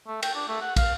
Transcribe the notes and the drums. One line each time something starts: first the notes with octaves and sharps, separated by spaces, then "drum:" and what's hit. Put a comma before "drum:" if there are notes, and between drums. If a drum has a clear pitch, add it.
A3
G5, drum: cymbal
D4
A3
F#5
F5, drum: kick, cymbal